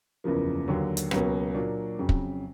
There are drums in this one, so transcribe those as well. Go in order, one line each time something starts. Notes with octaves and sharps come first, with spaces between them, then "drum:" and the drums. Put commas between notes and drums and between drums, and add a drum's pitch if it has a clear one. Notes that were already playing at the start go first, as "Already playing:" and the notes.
F#1 E2 C#3 F3 A#3
D#2 D3 F#3
drum: hi-hat
C#2 B2 F#3 A#3 C#4, drum: rim click
A#2 F#3 A#3 D4
F2 C#3 F#3
drum: kick